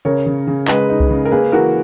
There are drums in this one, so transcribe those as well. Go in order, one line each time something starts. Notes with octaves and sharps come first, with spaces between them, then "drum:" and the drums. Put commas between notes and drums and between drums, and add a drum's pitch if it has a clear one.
C#3 A#4 C#5
C#3
C#3
G#3 B4 D#5, drum: clap
D#4
drum: kick C2
C#3
A#4
A#3 G#4 B4
E3 F#4 A#4